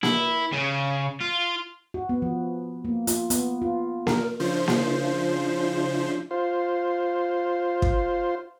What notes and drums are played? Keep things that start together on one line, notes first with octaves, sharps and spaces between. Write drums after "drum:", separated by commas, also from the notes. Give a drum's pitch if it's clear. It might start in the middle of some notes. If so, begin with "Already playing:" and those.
E4, drum: snare A#3
C#3
F4
F#4
B3
F3
A#3
F4, drum: hi-hat
B3, drum: hi-hat
F4
A#4, drum: snare A#3
C#3 F3 D4 E4 F4 C5
drum: snare A#3
F4 C5
drum: kick